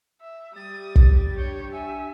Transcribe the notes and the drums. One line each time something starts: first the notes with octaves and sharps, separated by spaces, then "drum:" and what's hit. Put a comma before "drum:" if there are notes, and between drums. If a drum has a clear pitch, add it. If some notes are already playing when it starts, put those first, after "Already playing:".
E5
G3 D#6 A6
drum: kick
D4 C#5 G6
E5 G#5